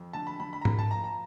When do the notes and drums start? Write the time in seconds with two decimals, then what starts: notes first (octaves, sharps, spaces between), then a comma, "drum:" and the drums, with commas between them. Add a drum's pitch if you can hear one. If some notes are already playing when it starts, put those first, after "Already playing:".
Already playing: F2
0.13 D3 A5
0.27 B5
0.40 D3 B5
0.53 B5
0.61 A#5
0.65 A#3 B5, drum: tom G#2
0.79 A5
0.91 F3 A#5
1.04 A#5